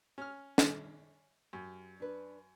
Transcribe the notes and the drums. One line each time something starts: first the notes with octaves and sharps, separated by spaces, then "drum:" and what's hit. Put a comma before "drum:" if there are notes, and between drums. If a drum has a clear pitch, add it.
C#4 F6
drum: snare
F#2 G4
D4 B4